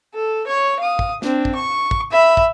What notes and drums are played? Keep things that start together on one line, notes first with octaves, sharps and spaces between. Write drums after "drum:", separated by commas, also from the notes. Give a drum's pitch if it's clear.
A4
C#5 C#6
F5 D#6
drum: kick
C4 D4, drum: snare
drum: kick
C#6
drum: kick
E5 B5
drum: kick